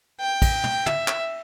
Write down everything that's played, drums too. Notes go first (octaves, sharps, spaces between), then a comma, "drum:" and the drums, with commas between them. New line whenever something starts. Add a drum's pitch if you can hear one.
G5
drum: kick, cymbal
drum: tom
E5, drum: tom
drum: clap